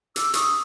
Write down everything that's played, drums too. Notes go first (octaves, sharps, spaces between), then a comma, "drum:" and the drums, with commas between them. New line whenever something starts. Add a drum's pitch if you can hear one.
D6 E6, drum: hi-hat
C#6 D#6, drum: hi-hat